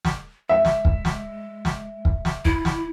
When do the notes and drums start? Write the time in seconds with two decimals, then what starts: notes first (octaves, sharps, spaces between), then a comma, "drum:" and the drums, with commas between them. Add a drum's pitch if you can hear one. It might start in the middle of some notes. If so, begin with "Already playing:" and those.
0.05 drum: snare
0.49 G#3 E5
0.65 drum: snare
0.85 drum: kick
1.05 drum: snare
1.65 drum: snare
2.05 drum: kick
2.25 drum: snare
2.45 E4, drum: kick
2.65 drum: snare